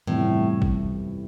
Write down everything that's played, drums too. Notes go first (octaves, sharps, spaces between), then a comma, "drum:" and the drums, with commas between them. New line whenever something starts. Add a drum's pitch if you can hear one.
G1 F2 A2 C3 E3 G3
drum: kick A1